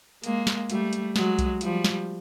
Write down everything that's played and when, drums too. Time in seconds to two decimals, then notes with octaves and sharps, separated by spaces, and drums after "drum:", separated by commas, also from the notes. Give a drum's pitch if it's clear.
0.24 G#3 A#3, drum: hi-hat
0.47 drum: snare
0.70 G3 A3, drum: hi-hat
0.93 drum: hi-hat
1.16 F#3 G#3, drum: snare
1.39 drum: kick C2, hi-hat
1.61 F3 G3, drum: hi-hat
1.84 drum: snare